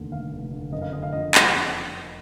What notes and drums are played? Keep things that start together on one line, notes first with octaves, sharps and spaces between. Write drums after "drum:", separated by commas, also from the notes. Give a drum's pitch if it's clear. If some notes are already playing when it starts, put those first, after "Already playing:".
Already playing: F1 D#2 D3
F1 F5
F1
D3
F#1 D#5
F5
D3 D#5
F5
F2 D#5
drum: clap